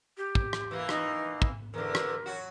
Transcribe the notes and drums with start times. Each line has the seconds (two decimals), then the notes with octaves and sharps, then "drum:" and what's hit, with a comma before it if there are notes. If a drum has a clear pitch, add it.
0.18 G4
0.35 drum: kick
0.53 drum: rim click
0.71 E3 A#3
0.89 D#4, drum: rim click
1.42 drum: kick
1.74 E2 D3 A#4
1.95 drum: rim click
2.26 F#3 F#4